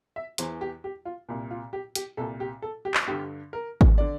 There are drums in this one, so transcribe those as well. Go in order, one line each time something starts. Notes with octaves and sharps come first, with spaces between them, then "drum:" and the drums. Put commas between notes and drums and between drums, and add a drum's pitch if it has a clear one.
E5
E2 E3 C5, drum: hi-hat
G4
G4
F4
C2 A#2
F4
G4
G4, drum: hi-hat
C2 A#2 A4
G4
A4
G4
drum: clap
G2 D3 G4
A#4
drum: kick G#1
D3 D5